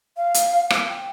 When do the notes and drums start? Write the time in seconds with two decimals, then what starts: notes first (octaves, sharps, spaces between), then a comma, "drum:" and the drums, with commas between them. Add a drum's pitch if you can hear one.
0.17 F5
0.34 drum: hi-hat
0.70 drum: rim click
0.88 G5